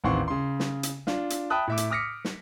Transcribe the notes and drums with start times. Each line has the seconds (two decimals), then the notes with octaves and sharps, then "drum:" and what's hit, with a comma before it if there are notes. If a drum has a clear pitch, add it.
0.04 A1 D#2 C4 F#5 C6 C#6
0.28 C#3 C6
0.60 drum: snare
0.83 drum: hi-hat
1.07 D4 F4, drum: snare
1.30 drum: hi-hat
1.50 E5 G5 A5 B5 D#6 F#6
1.67 A2 E5 D6
1.77 drum: hi-hat
1.90 D6 D#6 F6 A#6 B6 C#7
2.25 drum: snare